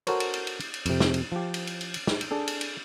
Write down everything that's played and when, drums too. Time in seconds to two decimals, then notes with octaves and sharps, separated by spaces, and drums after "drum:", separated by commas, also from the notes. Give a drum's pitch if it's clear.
0.07 F#4 A4 A#4 C5 C#5, drum: cymbal
0.20 drum: cymbal
0.34 drum: cymbal
0.47 drum: cymbal
0.60 drum: cymbal
0.74 drum: cymbal
0.86 F2 C3, drum: cymbal
1.00 drum: snare
1.14 drum: cymbal
1.32 F3 G4
1.54 drum: cymbal
1.67 drum: cymbal
1.81 drum: cymbal
1.94 drum: cymbal
2.07 drum: snare
2.21 drum: cymbal
2.31 D4 G#4 A4
2.48 drum: cymbal
2.61 drum: cymbal